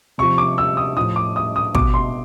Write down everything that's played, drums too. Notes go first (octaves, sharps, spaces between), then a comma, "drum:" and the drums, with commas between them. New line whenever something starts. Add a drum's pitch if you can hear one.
C3 F3 C#6
D6
E6
D#6
A2 F3 D#6
D6
D#6
D#6
B2 D6, drum: kick
C6